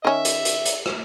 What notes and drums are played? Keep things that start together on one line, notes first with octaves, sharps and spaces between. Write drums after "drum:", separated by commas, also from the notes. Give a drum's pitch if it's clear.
D#3 C#4 E5
drum: hi-hat
drum: hi-hat
drum: hi-hat
drum: rim click